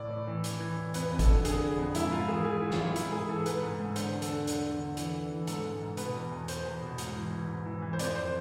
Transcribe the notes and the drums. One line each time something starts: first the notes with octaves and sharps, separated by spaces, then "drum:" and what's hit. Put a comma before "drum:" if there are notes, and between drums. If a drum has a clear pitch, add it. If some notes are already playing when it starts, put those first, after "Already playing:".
Already playing: A2 D5
A2
E3
E3, drum: hi-hat
E3
E3
F2 B4, drum: hi-hat
F2
A4, drum: kick G#1, hi-hat
D3
D3 G#4, drum: hi-hat
D3
F2
G#2 E4, drum: hi-hat
G#2 F4
E3 G#4
E3 G#4
E3
F4, drum: snare
E3
G#2 E4, drum: hi-hat
G#2 G#4
E3 A4
G#2 B4, drum: hi-hat
G#2
G#2
D3 C5, drum: hi-hat
E2
A4, drum: hi-hat
D3
D3, drum: hi-hat
E2
D3
E3, drum: hi-hat
E3
E3
G#2 A4, drum: hi-hat
G#2
G#2
B2 B4, drum: hi-hat
E2
E2
E2 C5, drum: hi-hat
E2
B2
G#2, drum: hi-hat
E3
E3
G#2
E3
E3
C5
F2 D5, drum: hi-hat
C5